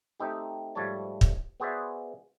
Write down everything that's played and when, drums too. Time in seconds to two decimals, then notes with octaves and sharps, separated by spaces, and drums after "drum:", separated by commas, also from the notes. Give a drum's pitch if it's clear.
0.20 A3 C4 D#4 G4
0.75 G#2 F3 G3 A3 C#5 A5
1.21 drum: kick
1.60 B3 F#4 G#4 C5 D5 E5